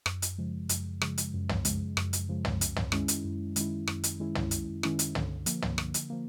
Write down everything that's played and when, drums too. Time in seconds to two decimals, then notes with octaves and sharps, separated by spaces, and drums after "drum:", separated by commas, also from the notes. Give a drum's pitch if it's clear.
0.06 F#2, drum: rim click
0.22 drum: hi-hat
0.38 C#3 F3 G#3
0.69 F#2, drum: hi-hat
1.01 C#3 F3 G#3, drum: rim click
1.18 drum: hi-hat
1.34 F#2
1.49 drum: tom
1.65 C#3 F3 G#3, drum: hi-hat
1.97 F#2, drum: rim click
2.13 drum: hi-hat
2.29 C#3 F3 G#3
2.45 drum: tom
2.61 F#2, drum: hi-hat
2.76 drum: tom
2.92 D#3 G#3 C#4 E4, drum: rim click
3.08 drum: hi-hat
3.24 F#2
3.56 D#3 G#3 C#4 E4, drum: hi-hat
3.87 F#2, drum: rim click
4.04 drum: hi-hat
4.20 D#3 G#3 C#4 E4
4.35 drum: tom
4.51 F#2, drum: hi-hat
4.83 D#3 G#3 C#4 E4, drum: rim click
4.99 drum: hi-hat
5.15 D3, drum: tom
5.46 F3 A#3, drum: hi-hat
5.62 drum: tom
5.78 D3, drum: rim click
5.94 drum: hi-hat
6.10 F3 A#3